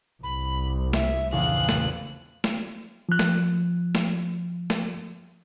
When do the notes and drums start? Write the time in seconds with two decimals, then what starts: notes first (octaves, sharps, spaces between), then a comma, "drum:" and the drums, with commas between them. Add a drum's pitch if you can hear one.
0.23 C2 B5
0.93 E5, drum: snare
1.32 A#1 E2 C#3 F5 F#6
1.69 drum: snare
2.44 drum: snare
3.09 F3 F#6
3.19 drum: snare
3.95 drum: snare
4.70 drum: snare